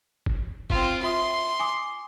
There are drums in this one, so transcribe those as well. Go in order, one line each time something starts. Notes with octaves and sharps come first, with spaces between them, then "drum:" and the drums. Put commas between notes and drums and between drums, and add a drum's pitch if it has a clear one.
drum: kick
C4 F4, drum: kick
F4 E5 C6 D#6
G#5 D6 D#6